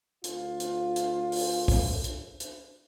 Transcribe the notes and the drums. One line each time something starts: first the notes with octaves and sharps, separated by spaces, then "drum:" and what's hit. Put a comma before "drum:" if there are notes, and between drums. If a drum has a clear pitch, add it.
D2 F4, drum: hi-hat
drum: hi-hat
drum: hi-hat
drum: open hi-hat
drum: kick, open hi-hat
drum: hi-hat
drum: hi-hat